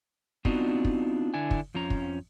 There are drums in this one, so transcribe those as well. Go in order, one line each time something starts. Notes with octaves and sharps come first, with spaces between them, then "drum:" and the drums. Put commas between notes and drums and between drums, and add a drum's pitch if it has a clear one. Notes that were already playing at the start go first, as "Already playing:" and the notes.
B3 C4 D4 D#4 F4 F#4, drum: kick
drum: kick
D3 D4 E4 G#5
drum: kick
F2 F3 C#4 A#5
drum: kick